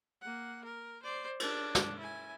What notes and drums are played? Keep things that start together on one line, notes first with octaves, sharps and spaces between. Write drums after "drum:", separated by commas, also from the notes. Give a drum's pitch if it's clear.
A#3 F#5
A#4
C5 D5
D4, drum: cymbal
drum: snare
E4 G#5